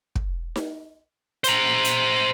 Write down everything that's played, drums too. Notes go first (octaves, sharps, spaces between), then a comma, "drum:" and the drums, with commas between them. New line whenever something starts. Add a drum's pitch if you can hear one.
drum: kick
drum: snare D#4
C5 A#5, drum: hi-hat
drum: hi-hat